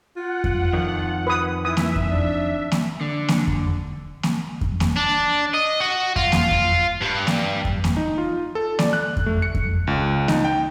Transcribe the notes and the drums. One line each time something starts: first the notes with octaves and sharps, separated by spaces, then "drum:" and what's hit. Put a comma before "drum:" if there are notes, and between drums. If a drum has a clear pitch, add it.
F4 F#5
drum: kick F2
F2 D#3
B4 D#6
E3 E5 D#6
drum: snare A#3
drum: kick F2
D4
drum: snare A#3
D3
drum: snare A#3
drum: kick F2
drum: snare A#3
drum: kick F2
drum: snare A#3
D4
D#5
F#4
F4, drum: kick F2
drum: snare A#3
drum: kick F2
G2
drum: snare A#3
drum: kick F2
drum: snare A#3
D#4
F4
A4
D5, drum: snare A#3
F#6
drum: kick F2
A3
C#7
drum: kick F2
C#2
D#4, drum: snare A#3
G5